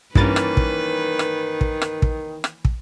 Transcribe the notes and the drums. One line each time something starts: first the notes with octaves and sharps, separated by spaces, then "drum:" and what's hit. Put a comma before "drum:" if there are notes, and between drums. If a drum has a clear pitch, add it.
G2 D#3 E3 A#3 C#4 B4 A6, drum: kick
drum: rim click
drum: kick
drum: rim click
drum: kick
drum: rim click
drum: kick
drum: rim click
drum: kick